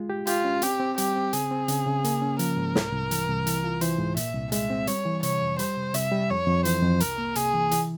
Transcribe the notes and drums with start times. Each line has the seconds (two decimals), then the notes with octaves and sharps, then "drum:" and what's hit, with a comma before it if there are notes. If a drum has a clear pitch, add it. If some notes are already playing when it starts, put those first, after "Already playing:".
Already playing: G#3 F4
0.10 G4
0.27 F4 G4, drum: hi-hat
0.44 C#4
0.62 C4 G4, drum: hi-hat
0.79 C4
0.98 G3 G4, drum: hi-hat
1.16 C4
1.33 C#3 G#4, drum: hi-hat
1.51 C4
1.68 C#3, drum: hi-hat
1.86 C#3
2.04 A#3, drum: hi-hat
2.22 C#4
2.39 F3 A#4, drum: hi-hat
2.57 G#2
2.75 C2, drum: snare
2.93 C2
3.11 E3, drum: hi-hat
3.28 C2
3.47 E3, drum: hi-hat
3.64 F4
3.81 E3 C5, drum: hi-hat
3.99 G#2
4.17 A#2 E5, drum: hi-hat
4.34 C2
4.52 G#3 E5, drum: hi-hat
4.70 C4
4.87 G3 C#5, drum: hi-hat
5.05 E3
5.23 C3 C#5, drum: hi-hat
5.42 F2
5.59 G3 C5, drum: hi-hat
5.77 C3
5.94 C3 E5, drum: hi-hat
6.12 G3
6.30 F2 C#5
6.47 F2
6.65 E3 C5, drum: hi-hat
6.82 F2
7.00 C2 A#4, drum: hi-hat
7.18 A#3
7.36 C3 G#4, drum: hi-hat
7.53 E3
7.71 E3, drum: hi-hat